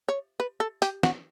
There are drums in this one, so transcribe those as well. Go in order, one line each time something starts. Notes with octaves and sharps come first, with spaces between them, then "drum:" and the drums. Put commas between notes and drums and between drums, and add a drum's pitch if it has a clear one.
C#5
B4
A4
G4, drum: hi-hat
F#4, drum: snare